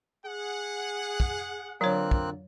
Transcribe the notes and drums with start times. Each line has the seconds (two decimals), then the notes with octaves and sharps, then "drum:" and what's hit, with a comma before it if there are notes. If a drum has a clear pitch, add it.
0.24 G#4 F#5
1.20 drum: kick
1.81 D3 F#3 A#3 C4 F4 A#4 C#5 F#6
2.11 drum: kick